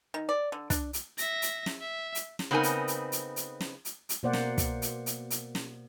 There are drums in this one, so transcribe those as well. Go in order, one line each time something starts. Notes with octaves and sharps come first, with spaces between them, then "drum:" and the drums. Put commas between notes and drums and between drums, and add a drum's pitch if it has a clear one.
D#3
D5
D3
D4, drum: kick, hi-hat
drum: hi-hat
E5 A#6, drum: hi-hat
drum: hi-hat
drum: snare
E5
drum: hi-hat
drum: snare
C#3 B3 C4 D#4 A#4 G#5
drum: hi-hat
drum: hi-hat
drum: hi-hat
drum: hi-hat
drum: snare
drum: hi-hat
drum: hi-hat
B2 A#3 C5 D5 F#5
drum: snare
drum: kick, hi-hat
drum: hi-hat
drum: hi-hat
drum: hi-hat
drum: snare